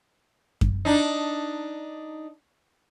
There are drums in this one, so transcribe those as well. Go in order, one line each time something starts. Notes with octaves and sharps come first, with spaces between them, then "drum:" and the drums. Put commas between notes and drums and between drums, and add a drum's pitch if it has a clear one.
drum: kick F#2
D4 D#4